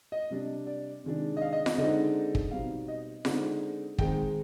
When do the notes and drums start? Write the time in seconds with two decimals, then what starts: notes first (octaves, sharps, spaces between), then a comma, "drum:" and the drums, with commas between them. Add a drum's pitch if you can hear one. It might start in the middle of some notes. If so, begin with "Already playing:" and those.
0.12 D#5
0.30 C3 G3 D4
0.67 D5
1.04 C3 D#3 G#3 D4
1.37 D#5
1.41 F5
1.53 D#5
1.66 D#5, drum: snare F4
1.78 D3 G#3 C4 D#4 D#5
2.35 drum: kick
2.51 B2 G3 C4 D#4 F5
2.88 D#5
3.25 D3 G#3 C4 D#4, drum: snare F4
3.98 D#3 G#3 C4 D#4 G5, drum: kick